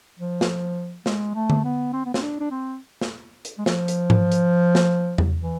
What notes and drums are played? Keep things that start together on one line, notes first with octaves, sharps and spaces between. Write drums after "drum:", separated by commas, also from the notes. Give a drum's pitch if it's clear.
F3
drum: snare
G#3, drum: snare
A3
drum: tom D3
B3
C4
B3
C4, drum: snare
D4
D4
C4
drum: snare
drum: hi-hat
G#3
F3, drum: snare
drum: hi-hat
drum: tom G#2
drum: hi-hat
drum: snare
drum: tom E2
E3